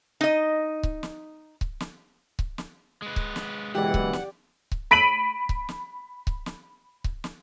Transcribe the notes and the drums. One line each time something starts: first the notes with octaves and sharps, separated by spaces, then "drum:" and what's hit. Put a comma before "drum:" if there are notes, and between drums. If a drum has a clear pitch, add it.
D#4 D#5
drum: kick C#1
drum: snare
drum: kick C#1
drum: snare
drum: kick C#1
drum: snare
G#3 B4
drum: kick C#1
drum: snare
F#1 B2 E3 G#3 G4 D5 F#5
drum: kick C#1
drum: snare
drum: kick C#1
B5 B6 D7 D#7 F#7, drum: snare
drum: kick C#1
drum: snare
drum: kick C#1
drum: snare
drum: kick C#1
drum: snare